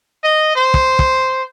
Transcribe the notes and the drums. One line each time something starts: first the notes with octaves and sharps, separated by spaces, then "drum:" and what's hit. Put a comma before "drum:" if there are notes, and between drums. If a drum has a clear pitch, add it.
D#5
C5
drum: kick
drum: kick